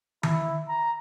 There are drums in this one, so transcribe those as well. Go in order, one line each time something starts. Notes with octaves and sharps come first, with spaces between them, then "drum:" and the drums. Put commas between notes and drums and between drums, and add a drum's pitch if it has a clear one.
E4, drum: tom D#3
A#5